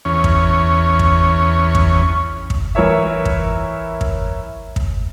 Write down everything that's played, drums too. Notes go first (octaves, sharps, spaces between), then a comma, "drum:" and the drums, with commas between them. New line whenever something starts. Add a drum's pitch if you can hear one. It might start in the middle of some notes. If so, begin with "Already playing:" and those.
E2 C#4
drum: kick
drum: kick
drum: kick
drum: kick
E3 E4 A#4 C#5 E5
drum: kick
drum: kick
drum: kick